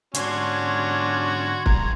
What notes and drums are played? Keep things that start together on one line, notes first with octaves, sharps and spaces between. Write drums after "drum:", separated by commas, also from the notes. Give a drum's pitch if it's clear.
G#2 D3 C#4 D4 F#4 C6 G#6, drum: hi-hat
G2 A#5, drum: kick